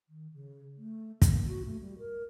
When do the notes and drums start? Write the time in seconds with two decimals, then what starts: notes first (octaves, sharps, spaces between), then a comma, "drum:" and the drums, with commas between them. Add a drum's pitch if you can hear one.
0.09 D#3
0.34 C#3
0.77 A3
1.22 A#3, drum: kick, hi-hat
1.48 F#4
1.65 A3
1.82 G3
1.99 A#4